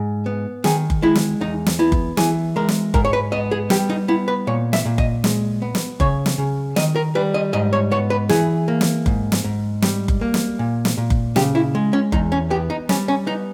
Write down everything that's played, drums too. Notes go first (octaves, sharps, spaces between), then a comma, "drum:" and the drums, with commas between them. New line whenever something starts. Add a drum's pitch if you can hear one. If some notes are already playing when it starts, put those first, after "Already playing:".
Already playing: G#2
B3
D#3 G#4, drum: snare
drum: kick F#1
G#3 E4
drum: snare
E2 D#4
drum: snare
B3 E4
drum: kick F#1
E3 G#4, drum: snare
G#3 A#4
drum: snare
G#2 A#4, drum: kick F#1
C#5
B4
B3 D#5
G#4
G3 G4, drum: snare
D#4
B3 E4
B4
A#2 C#5
E5, drum: snare
A#2
D#5, drum: kick F#1
G#3, drum: snare
B3
drum: snare
C#3 C#5, drum: kick F#1
drum: snare
C#3
D#3 D#5, drum: snare
A#4
G3 B4
D#5
G#2 D#5
C#5
B3 C#5
B4
E3 G#4, drum: snare
A#3
drum: snare
G#2, drum: kick F#1
drum: snare
G#2
G3, drum: snare
drum: kick F#1
A#3
drum: snare
A#2
drum: snare
A#2
drum: kick F#1
C#3 G4, drum: snare
E4
G#3
C#4
E2 D#4, drum: kick F#1
C#4
B3 G4
D#4
G3 C#4, drum: snare
C#4
B3 D#4